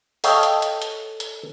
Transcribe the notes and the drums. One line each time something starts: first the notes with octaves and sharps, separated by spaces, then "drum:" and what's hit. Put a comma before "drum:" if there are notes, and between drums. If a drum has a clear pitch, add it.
A4 C#5 D#5 F5 G5 A5, drum: open hi-hat
drum: hi-hat
drum: hi-hat
drum: hi-hat
drum: hi-hat